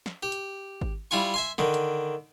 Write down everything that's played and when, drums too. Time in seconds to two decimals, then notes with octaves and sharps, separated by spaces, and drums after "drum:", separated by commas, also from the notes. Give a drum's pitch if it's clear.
0.06 drum: snare
0.23 G4
0.32 drum: hi-hat
0.81 drum: kick G#1
1.11 G3 E4 F4 G#5 C#6
1.34 E5 G#5 C6
1.58 D3 D#3, drum: snare
1.74 drum: hi-hat